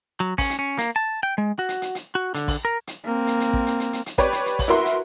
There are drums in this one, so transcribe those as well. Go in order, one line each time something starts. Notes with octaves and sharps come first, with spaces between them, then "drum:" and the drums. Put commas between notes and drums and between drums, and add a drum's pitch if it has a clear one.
F#3
C#4, drum: kick A1, open hi-hat
drum: hi-hat
C#4
A#3, drum: hi-hat
A5
G5
G#3
F#4
drum: hi-hat
drum: hi-hat
drum: hi-hat
F#4
D3, drum: hi-hat
drum: kick A1, open hi-hat
A#4
drum: hi-hat
A#3 C4
drum: hi-hat
drum: hi-hat
drum: kick A1
drum: hi-hat
drum: hi-hat
drum: hi-hat
drum: hi-hat
G4 B4 C#5 D5, drum: kick A1, hi-hat
drum: hi-hat
drum: hi-hat
drum: kick A1, open hi-hat
E4 F#4 A#4 B4 E5 C6
drum: hi-hat